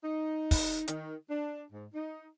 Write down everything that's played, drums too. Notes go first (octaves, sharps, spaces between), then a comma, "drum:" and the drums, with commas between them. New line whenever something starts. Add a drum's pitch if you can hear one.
D#4
drum: kick, open hi-hat
D#3, drum: hi-hat
D4
G#2
D#4